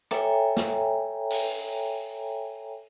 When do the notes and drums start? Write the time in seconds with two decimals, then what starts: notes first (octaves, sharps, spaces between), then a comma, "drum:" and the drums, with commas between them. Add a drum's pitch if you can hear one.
0.11 A4 C#5 E5 G5 G#5 A#5, drum: rim click
0.57 drum: snare
1.30 drum: open hi-hat